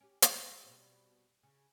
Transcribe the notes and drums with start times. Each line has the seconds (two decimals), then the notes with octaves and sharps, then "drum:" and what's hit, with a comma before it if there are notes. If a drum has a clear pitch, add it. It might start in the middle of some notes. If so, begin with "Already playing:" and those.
0.01 C#4 G4
0.22 B3, drum: hi-hat
0.64 B2 G3 C4
1.43 C#3